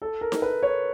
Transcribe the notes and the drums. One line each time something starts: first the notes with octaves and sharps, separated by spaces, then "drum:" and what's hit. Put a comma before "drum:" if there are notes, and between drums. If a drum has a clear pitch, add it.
A4
A#4
drum: snare D#4
B4
C#5